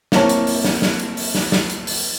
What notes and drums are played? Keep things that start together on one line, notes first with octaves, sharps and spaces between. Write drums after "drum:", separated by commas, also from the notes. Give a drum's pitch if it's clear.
A#3 C4 E4 C#5 A5, drum: snare
drum: hi-hat
drum: open hi-hat
drum: snare
drum: snare
drum: hi-hat
drum: open hi-hat
drum: snare
drum: snare
drum: hi-hat
drum: open hi-hat